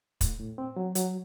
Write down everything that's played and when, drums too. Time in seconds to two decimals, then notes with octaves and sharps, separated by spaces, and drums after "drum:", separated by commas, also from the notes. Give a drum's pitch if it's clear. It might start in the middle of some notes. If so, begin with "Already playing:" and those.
0.21 A2, drum: kick, hi-hat
0.39 A2
0.58 C4
0.76 F#3
0.95 F#3, drum: hi-hat